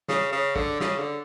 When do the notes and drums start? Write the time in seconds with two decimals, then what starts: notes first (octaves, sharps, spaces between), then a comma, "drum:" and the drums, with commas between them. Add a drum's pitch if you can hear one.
0.08 C#3, drum: snare
0.32 C#3
0.56 D3, drum: kick
0.80 C#3, drum: snare
0.99 D3